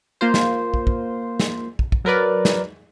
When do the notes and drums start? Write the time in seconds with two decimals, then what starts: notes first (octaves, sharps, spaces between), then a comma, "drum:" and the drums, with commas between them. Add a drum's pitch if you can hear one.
0.21 A#3 F4 C5
0.34 drum: snare
0.74 drum: kick
0.87 drum: kick
1.40 drum: snare
1.79 drum: kick
1.92 drum: kick
2.05 F#3 A#4 B4 D5
2.45 drum: snare